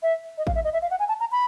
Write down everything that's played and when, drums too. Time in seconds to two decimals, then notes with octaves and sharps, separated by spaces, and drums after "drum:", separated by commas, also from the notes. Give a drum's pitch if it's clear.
0.03 E5
0.38 D#5
0.47 F5, drum: kick A1
0.55 E5
0.64 D#5
0.73 E5
0.82 F5
0.91 F#5
0.99 G#5
1.08 A5
1.20 A#5
1.32 B5